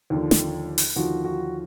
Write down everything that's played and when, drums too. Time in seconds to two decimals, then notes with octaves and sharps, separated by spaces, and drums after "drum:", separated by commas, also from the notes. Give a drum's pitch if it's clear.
0.10 D#2 D3 F3
0.31 drum: snare
0.78 drum: open hi-hat
0.96 D#2 D3 F3 F#4
1.25 F#4